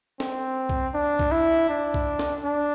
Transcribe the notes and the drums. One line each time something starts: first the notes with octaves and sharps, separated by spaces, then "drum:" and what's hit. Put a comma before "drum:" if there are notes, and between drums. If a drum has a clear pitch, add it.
C4, drum: snare
drum: kick B1
D4
drum: kick B1
E4
D4
drum: kick B1
drum: snare
D4